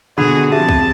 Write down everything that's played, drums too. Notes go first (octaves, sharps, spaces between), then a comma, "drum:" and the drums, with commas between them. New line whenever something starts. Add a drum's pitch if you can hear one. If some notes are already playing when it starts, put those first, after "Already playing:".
B2 D3 F#4 G#4 F#5 B5
F3 C4 G4 G#4 E5 A5
drum: kick C2